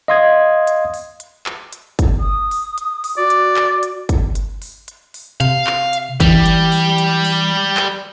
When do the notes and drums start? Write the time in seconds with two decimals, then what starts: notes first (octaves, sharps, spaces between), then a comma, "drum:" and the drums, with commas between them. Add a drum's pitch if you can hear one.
0.08 D#5 F5 C6 D#6 G#6
0.67 drum: hi-hat
0.94 drum: open hi-hat
1.20 drum: hi-hat
1.46 drum: clap
1.73 drum: hi-hat
1.99 drum: kick, hi-hat
2.19 D#6
2.51 drum: open hi-hat
2.78 drum: hi-hat
3.04 drum: open hi-hat
3.17 F#4 D5
3.30 drum: hi-hat
3.57 drum: clap
3.83 drum: hi-hat
4.09 drum: kick, hi-hat
4.35 drum: hi-hat
4.62 drum: open hi-hat
4.88 drum: hi-hat
5.14 drum: open hi-hat
5.41 C3 F5, drum: hi-hat
5.67 drum: clap
5.93 drum: hi-hat
6.20 E3 G3, drum: kick, hi-hat
6.46 drum: hi-hat
6.72 drum: open hi-hat
6.98 drum: hi-hat
7.25 drum: open hi-hat
7.77 drum: clap